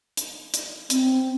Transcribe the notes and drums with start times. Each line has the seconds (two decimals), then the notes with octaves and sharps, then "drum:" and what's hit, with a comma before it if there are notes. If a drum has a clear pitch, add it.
0.17 drum: hi-hat
0.54 drum: hi-hat
0.90 C4, drum: hi-hat